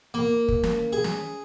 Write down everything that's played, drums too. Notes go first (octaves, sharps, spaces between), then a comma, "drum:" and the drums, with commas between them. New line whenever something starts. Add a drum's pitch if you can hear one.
A#3
drum: kick
drum: snare
G#4
drum: snare